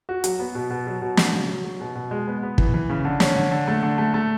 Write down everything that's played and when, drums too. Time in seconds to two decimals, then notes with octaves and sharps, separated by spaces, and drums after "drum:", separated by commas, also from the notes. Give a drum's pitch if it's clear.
0.09 F#4
0.24 F#3, drum: hi-hat
0.39 B3
0.55 B2
0.71 B2
0.87 F#3
1.02 B2
1.17 F#3, drum: snare
1.33 C#3
1.49 F#3
1.65 F#3
1.81 B2
1.95 B2
2.11 G#3
2.27 B3
2.43 B3
2.58 E3, drum: kick
2.74 E3
2.90 C#3
3.05 D3
3.20 C#4, drum: snare
3.36 D3
3.51 D3
3.68 A3
3.83 D3
3.98 A3
4.14 A3